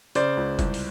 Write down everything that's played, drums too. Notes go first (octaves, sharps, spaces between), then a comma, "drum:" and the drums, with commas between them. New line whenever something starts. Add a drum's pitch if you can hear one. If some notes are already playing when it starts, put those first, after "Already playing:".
C#3 C5 D5, drum: hi-hat
C#2
C2, drum: kick, hi-hat
drum: open hi-hat